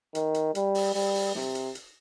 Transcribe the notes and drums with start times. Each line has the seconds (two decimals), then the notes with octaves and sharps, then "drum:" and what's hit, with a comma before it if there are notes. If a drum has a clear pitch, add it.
0.15 D#3, drum: hi-hat
0.34 drum: hi-hat
0.55 G3, drum: hi-hat
0.75 drum: open hi-hat
0.95 G3, drum: open hi-hat
1.15 drum: open hi-hat
1.35 C3, drum: snare
1.55 drum: hi-hat
1.75 drum: hi-hat